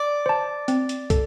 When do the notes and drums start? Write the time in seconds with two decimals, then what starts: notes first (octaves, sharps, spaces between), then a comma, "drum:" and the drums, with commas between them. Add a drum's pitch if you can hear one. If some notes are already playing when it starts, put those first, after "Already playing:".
Already playing: D5
0.26 C5 A5
0.68 C4, drum: hi-hat
0.89 drum: hi-hat
1.10 A4, drum: kick, hi-hat